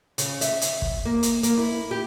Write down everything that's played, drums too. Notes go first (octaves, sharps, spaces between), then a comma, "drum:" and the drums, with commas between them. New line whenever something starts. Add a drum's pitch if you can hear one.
C#3, drum: hi-hat
E5, drum: hi-hat
drum: hi-hat
drum: kick
A#3
drum: hi-hat
A#3, drum: hi-hat
E4
G4